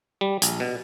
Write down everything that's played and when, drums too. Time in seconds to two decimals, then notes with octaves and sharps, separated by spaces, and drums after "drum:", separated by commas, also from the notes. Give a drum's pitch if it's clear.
0.21 G3
0.42 A#1, drum: hi-hat
0.60 B2